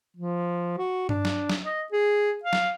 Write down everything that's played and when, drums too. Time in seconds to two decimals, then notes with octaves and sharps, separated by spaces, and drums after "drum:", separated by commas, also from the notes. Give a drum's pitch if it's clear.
0.17 F3
0.78 F#4
1.09 D4, drum: tom G2
1.25 drum: snare
1.50 drum: snare
1.64 D#5
1.92 G#4
2.44 F5
2.53 drum: snare